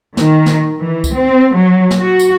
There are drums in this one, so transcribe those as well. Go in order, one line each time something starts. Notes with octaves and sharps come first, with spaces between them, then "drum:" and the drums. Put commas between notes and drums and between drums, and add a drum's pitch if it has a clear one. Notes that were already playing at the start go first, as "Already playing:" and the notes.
D#3, drum: snare
drum: snare
E3
drum: kick C#2, tambourine
C4
F#3
drum: snare
F#4
drum: tambourine